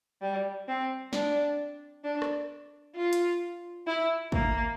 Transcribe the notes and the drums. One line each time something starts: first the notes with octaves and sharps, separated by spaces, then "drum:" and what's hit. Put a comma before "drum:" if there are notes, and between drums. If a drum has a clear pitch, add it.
G3
C4
D4, drum: snare
D4
drum: rim click
F4
drum: hi-hat
E4
A#3, drum: kick